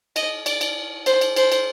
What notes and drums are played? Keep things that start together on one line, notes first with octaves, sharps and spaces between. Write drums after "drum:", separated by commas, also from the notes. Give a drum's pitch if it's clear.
D#5, drum: cymbal
D5, drum: cymbal
drum: cymbal
C5, drum: cymbal
drum: cymbal
C5, drum: cymbal
drum: cymbal